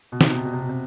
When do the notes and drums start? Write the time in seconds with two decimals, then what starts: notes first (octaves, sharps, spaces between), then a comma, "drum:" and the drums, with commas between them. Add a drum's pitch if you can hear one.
0.12 B2
0.21 C3, drum: snare
0.29 B2
0.37 C3
0.45 B2
0.53 C3
0.61 B2
0.69 C3